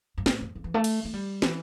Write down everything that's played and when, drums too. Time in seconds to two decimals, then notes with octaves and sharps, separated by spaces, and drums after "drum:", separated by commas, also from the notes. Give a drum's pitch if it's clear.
0.18 G2
0.26 A2, drum: snare
0.41 F2
0.55 F2
0.64 E3
0.74 A3
0.84 drum: cymbal
1.05 A3
1.13 G3
1.42 E3, drum: snare